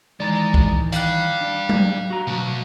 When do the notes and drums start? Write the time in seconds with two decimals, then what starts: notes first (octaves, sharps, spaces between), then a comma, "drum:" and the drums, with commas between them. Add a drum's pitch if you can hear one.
0.20 D#3 E3 G#3 D5 A#5 A6
0.54 drum: kick
0.92 D5 F5 G5 F#6, drum: hi-hat
1.41 D4
1.69 drum: tom F#3
2.10 F#4 A#5
2.27 B2 F#3 A3 D4